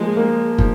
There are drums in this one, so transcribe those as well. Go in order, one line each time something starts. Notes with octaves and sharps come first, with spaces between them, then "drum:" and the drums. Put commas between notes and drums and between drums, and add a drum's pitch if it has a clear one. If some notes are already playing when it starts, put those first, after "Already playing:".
Already playing: F3 G#3 A#3
A#3
F3, drum: kick